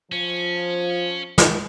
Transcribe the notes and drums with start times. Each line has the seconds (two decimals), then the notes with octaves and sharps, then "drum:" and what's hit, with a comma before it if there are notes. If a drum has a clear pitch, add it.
0.12 F3 C#4
1.38 drum: snare